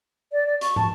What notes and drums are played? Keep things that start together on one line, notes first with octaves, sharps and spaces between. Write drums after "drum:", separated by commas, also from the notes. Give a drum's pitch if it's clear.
D5
D5
C#6, drum: hi-hat
A5, drum: tom